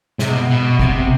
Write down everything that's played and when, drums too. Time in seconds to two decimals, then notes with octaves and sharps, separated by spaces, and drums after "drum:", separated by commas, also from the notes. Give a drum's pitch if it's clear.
0.19 C3, drum: snare
0.29 B2
0.50 B2
0.79 C3, drum: kick